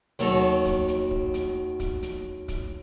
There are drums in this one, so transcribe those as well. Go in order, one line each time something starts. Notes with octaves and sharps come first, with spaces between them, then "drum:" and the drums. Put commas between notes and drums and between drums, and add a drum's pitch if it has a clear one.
D#2 F#3 A4 A#5, drum: hi-hat
drum: kick, hi-hat
drum: hi-hat
drum: kick
drum: hi-hat
drum: kick, hi-hat
drum: hi-hat
drum: kick, hi-hat